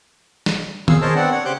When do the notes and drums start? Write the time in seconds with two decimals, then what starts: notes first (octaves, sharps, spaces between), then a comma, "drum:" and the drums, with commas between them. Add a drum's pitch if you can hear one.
0.46 drum: snare
0.88 A#2 G#4 F5 E6, drum: tom D#3
1.02 G#4 A#4 C5 C#5 D#5 A5
1.16 B3 C4 D4 D5 F#5
1.31 C#5 F#5
1.45 C#3 G4 C5 D6 F#6 G6